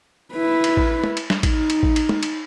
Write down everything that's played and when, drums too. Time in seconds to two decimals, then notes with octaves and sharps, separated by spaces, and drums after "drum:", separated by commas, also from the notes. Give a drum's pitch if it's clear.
0.34 E4 B4
0.64 drum: cymbal
0.77 drum: kick A1
1.04 drum: tom
1.17 drum: cymbal
1.30 drum: snare G3
1.43 D#4, drum: kick A1, cymbal
1.70 drum: cymbal
1.83 drum: kick A1
1.96 drum: cymbal
2.09 drum: tom
2.23 drum: cymbal